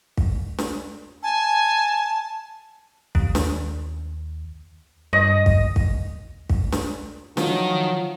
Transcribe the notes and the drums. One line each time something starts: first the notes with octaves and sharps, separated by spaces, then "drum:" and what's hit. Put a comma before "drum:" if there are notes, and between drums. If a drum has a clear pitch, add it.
drum: kick
drum: snare
G#5 A5
D#2, drum: kick
drum: snare
G2 D#5
drum: kick
drum: kick
drum: kick
drum: snare
D#3 F3 F#3, drum: snare